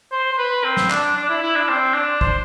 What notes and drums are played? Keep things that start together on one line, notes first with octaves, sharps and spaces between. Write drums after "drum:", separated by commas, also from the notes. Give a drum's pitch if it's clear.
C5
C5
B4
C4
drum: snare
D4, drum: clap
D4
E4
E4
D4
C4
D4
C5, drum: kick